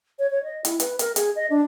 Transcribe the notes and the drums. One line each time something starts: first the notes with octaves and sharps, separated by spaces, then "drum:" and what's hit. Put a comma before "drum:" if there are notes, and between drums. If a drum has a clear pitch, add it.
C#5
C#5
D#5
E4, drum: hi-hat
B4, drum: hi-hat
A#4, drum: hi-hat
G#4, drum: hi-hat
D#5
D4